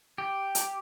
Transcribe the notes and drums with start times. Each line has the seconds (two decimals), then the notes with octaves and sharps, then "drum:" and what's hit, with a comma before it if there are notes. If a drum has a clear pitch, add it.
0.18 G4
0.55 drum: hi-hat